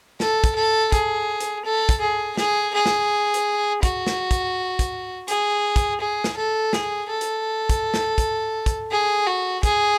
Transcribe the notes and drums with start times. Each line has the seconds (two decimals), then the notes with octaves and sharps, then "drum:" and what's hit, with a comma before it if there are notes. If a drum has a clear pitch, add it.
0.20 A4, drum: snare
0.44 drum: kick, hi-hat
0.55 A4
0.92 G#4, drum: kick, hi-hat
1.40 drum: hi-hat
1.65 A4
1.89 drum: kick, hi-hat
2.01 G#4
2.37 G#4, drum: snare
2.74 G#4
2.86 drum: snare
3.34 drum: hi-hat
3.83 F#4, drum: kick, hi-hat
4.07 drum: snare
4.31 drum: kick, hi-hat
4.79 drum: kick, hi-hat
5.28 G#4, drum: hi-hat
5.76 drum: kick, hi-hat
6.01 G#4
6.24 drum: snare
6.37 A4
6.73 G#4, drum: snare
7.10 A4
7.21 drum: hi-hat
7.70 drum: kick, hi-hat
7.94 drum: snare
8.18 drum: kick, hi-hat
8.66 drum: kick, hi-hat
8.91 G#4
9.27 F#4
9.63 G#4, drum: kick, hi-hat